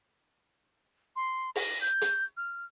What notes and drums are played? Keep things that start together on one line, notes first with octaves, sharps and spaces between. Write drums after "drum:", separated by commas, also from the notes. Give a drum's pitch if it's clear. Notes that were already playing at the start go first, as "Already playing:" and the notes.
C6
A#6, drum: open hi-hat
G6
drum: hi-hat
F6